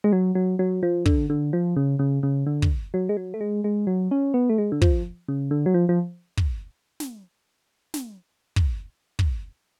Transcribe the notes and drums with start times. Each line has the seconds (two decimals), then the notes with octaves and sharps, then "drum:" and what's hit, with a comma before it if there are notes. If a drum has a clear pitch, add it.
0.04 G#3
0.13 F#3
0.35 F#3
0.59 F#3
0.83 F3
1.06 D3, drum: kick
1.30 D3
1.53 F3
1.76 C#3
1.99 C#3
2.23 C#3
2.47 D3
2.62 drum: kick
2.94 F#3
3.09 G#3
3.17 F#3
3.34 A3
3.41 G#3
3.64 G#3
3.87 F#3
4.11 C#4
4.34 B3
4.49 A3
4.58 G#3
4.72 D3
4.82 F3, drum: kick
5.28 C#3
5.51 D3
5.66 F#3
5.74 F3
5.89 F3
6.37 drum: kick
7.00 drum: snare
7.94 drum: snare
8.56 drum: kick
9.19 drum: kick